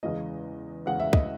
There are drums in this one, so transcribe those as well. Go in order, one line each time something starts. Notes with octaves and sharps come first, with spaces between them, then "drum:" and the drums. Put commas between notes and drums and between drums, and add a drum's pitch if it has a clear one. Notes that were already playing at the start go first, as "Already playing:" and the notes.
E2 C#3 E3 G#3 D#5
E2 C#3 E3 G#3 F#5
E5
D#5, drum: kick